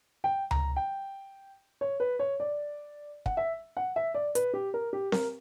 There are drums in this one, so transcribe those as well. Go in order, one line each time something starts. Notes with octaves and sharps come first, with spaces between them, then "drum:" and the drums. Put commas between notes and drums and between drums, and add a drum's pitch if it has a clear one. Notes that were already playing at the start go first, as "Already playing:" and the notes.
G5
A#5, drum: tom C#2
G5
C#5
B4
C#5
D5
F#5, drum: kick
E5
F#5
E5
D5
B4, drum: hi-hat
G4
A#4
G4
A#4, drum: snare C4